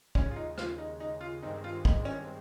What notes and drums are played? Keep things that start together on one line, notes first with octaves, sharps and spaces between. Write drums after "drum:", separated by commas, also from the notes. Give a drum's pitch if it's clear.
D#2 C#3 G#3 C#4, drum: kick
F4
D#4
F4, drum: rim click
D#4
D#4
F4
G2 D#3 G#3 C4 D#4
F4
D#4, drum: kick
C#4